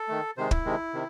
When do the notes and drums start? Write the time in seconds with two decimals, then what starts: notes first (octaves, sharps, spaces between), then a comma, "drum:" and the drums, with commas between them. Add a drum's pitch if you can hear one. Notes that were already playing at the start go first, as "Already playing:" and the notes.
Already playing: A4
0.08 D#3 A3
0.37 C3 D#3 G#3 C5
0.51 E4, drum: kick
0.65 C3 D#3 G#3
0.94 C3 D#3